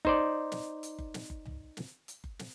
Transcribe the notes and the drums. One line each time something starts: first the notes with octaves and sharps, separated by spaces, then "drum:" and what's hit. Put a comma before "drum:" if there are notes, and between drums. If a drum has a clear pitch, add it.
D#4 C5 D5, drum: kick F#1
drum: snare
drum: hi-hat
drum: kick F#1
drum: snare
drum: kick F#1
drum: tom
drum: snare
drum: hi-hat
drum: kick F#1
drum: snare